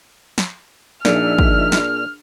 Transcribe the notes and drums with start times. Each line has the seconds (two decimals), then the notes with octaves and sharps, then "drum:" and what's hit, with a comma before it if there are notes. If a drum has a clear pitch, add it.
0.38 drum: snare
1.05 A#2 F3 D4 D#4 G#4 E5 F6, drum: snare
1.38 drum: kick
1.72 drum: snare